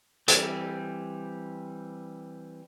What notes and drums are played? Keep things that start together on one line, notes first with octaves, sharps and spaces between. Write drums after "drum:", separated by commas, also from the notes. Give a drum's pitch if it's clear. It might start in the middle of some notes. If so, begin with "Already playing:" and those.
E3 G3 C4, drum: hi-hat